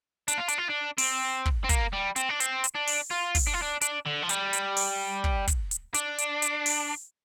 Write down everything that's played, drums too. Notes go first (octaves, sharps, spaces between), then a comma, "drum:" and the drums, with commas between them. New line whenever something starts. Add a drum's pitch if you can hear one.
D4, drum: hi-hat
F4
D4, drum: hi-hat
F4
D4
C4, drum: open hi-hat
drum: kick
C4
A#3, drum: kick, hi-hat
G3
C4, drum: hi-hat
D4
C4, drum: hi-hat
drum: hi-hat
D4
drum: open hi-hat
F4
drum: kick, open hi-hat
D4
F4
D4
D4, drum: hi-hat
D3
F3
G3, drum: hi-hat
drum: hi-hat
drum: open hi-hat
drum: kick
drum: kick, hi-hat
drum: hi-hat
D4, drum: hi-hat
drum: hi-hat
drum: hi-hat
drum: open hi-hat